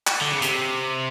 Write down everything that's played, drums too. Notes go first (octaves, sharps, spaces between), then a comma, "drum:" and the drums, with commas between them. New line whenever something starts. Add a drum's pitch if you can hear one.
drum: clap
D3
C#3
C3, drum: hi-hat